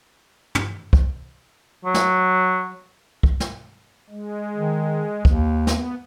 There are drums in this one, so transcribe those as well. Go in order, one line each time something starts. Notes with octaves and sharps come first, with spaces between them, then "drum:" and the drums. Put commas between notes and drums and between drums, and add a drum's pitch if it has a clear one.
drum: tom
drum: kick
F#3
drum: snare
drum: kick
drum: snare
G#3
D#3
D#2, drum: kick
B3, drum: snare